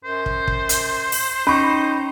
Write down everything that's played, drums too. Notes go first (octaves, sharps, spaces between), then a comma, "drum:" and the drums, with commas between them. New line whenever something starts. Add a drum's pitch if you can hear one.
F#2 C5
drum: kick
drum: kick
drum: hi-hat
drum: open hi-hat
C#4 D#4 B5 C#6